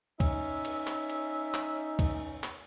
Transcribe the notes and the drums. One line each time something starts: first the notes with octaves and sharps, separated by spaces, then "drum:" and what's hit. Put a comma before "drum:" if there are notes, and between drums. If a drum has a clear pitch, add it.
C#4 D#4 E5, drum: kick, cymbal
drum: cymbal
drum: clap
drum: cymbal
drum: clap
drum: kick, cymbal
drum: clap